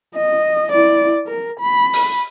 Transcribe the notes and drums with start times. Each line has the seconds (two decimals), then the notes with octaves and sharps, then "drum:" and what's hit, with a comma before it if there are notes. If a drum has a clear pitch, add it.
0.16 D#5
0.72 E4 D5
1.27 A#4
1.60 B5
1.93 drum: open hi-hat